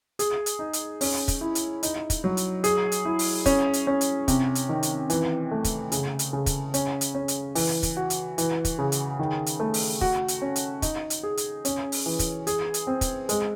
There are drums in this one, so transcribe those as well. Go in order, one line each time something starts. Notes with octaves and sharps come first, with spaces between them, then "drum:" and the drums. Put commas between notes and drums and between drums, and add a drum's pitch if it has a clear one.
G#4, drum: hi-hat
drum: hi-hat
D#4
drum: hi-hat
C#4, drum: open hi-hat
drum: kick, hi-hat
E4
drum: hi-hat
D#4, drum: hi-hat
drum: kick, hi-hat
F#3
drum: hi-hat
G#4, drum: hi-hat
drum: hi-hat
E4
drum: open hi-hat
C#4, drum: kick, hi-hat
drum: hi-hat
C#4
drum: hi-hat
C3, drum: kick, hi-hat
drum: hi-hat
D#3
drum: hi-hat
E3, drum: hi-hat
A3
drum: kick, hi-hat
C#3, drum: hi-hat
drum: hi-hat
C#3
drum: kick, hi-hat
C#4, drum: hi-hat
drum: hi-hat
C#4
drum: hi-hat
E3, drum: open hi-hat
drum: kick, hi-hat
F#4
drum: hi-hat
E3, drum: hi-hat
drum: kick, hi-hat
C#3
drum: hi-hat
D#3
drum: hi-hat
A3
drum: open hi-hat
F#4, drum: kick
drum: hi-hat
C#4
drum: hi-hat
D#4, drum: kick, hi-hat
drum: hi-hat
G#4
drum: hi-hat
C#4, drum: hi-hat
drum: open hi-hat
E3
drum: kick, hi-hat
G#4, drum: hi-hat
drum: hi-hat
C4
drum: kick, hi-hat
G#3, drum: hi-hat